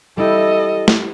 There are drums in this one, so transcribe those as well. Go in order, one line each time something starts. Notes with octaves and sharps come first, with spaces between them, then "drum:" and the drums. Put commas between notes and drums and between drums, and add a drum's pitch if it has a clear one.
G3 E4 G4 A4 D#5
drum: snare